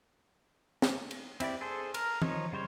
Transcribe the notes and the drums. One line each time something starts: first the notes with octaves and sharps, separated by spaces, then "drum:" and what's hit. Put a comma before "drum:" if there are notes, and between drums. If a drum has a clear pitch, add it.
drum: snare
drum: cymbal
C4 E4 G4 D5, drum: cymbal
G#4 A4 C5
A#4, drum: cymbal
D#3 F3 D#4 C#5, drum: tom E3
C#3 G3 C5 C#5